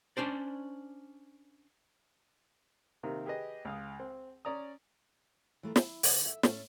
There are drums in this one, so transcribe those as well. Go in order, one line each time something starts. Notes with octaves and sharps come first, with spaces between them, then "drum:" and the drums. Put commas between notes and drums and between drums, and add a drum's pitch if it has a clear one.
C#4 D4 C5 D5
C3 D#3 A#3
G4 G#4 B4 D#5
C#2 F5 D#6
C4
C#4 D5 A#5 D#6
E3 A3 F4 A#4
E4, drum: snare
D3 D#4, drum: open hi-hat
E5
A2 A3 C#4, drum: snare